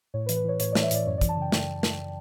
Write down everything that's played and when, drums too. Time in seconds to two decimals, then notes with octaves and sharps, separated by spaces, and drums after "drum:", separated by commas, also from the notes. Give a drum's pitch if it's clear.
0.14 A2 C#5
0.26 B4
0.29 E3, drum: hi-hat
0.37 B4
0.44 E3 C#5
0.60 A2 C#5, drum: hi-hat
0.72 D5
0.75 E3, drum: snare
0.83 E5
0.91 A2 D5, drum: hi-hat
1.06 F#2 C#5
1.18 D5
1.21 E3, drum: kick, hi-hat
1.29 A5
1.37 C#3 G5
1.52 drum: snare
1.83 drum: snare